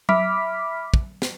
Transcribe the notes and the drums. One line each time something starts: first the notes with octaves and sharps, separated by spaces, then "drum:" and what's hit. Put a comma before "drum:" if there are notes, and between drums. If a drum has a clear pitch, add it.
E5 B5 D6 F6 B6, drum: tom F#3
drum: kick
drum: snare